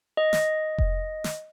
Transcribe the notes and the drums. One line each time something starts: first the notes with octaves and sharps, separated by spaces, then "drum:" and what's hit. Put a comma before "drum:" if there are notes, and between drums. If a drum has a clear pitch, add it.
D#5
drum: snare
drum: kick F1
drum: snare